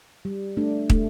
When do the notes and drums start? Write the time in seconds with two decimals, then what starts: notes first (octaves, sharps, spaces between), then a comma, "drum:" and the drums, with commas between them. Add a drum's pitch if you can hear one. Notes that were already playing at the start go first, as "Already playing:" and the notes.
0.25 G3
0.57 A3 D4
0.90 A3, drum: kick